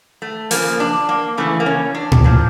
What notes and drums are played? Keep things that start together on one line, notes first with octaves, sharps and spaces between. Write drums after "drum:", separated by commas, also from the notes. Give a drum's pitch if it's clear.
A3
C#3 F3 A#3, drum: open hi-hat
D4
A#3
C#3 E3 A3
A#3
C#4
D4
drum: tom A2
A#2 F3